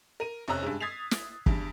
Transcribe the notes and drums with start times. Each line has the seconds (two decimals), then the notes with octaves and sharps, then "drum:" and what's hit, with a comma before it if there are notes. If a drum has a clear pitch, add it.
0.20 A#4 D#7
0.48 F1 C3 C#4 A#5 E6 F#6
0.63 G2 G#3
0.80 D#6 G#6 A6 B6 C7 F7
1.11 drum: snare
1.46 E2 G2, drum: kick